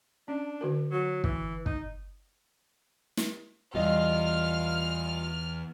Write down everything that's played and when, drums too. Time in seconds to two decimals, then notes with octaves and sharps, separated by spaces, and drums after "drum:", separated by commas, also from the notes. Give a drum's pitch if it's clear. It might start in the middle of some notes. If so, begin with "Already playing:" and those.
0.28 C#4 D4
0.61 D3 F#4 A#4
0.91 F#3
1.24 E3, drum: kick
1.66 D#4, drum: kick
3.17 drum: snare
3.75 E2 G3 F4 D#5 F6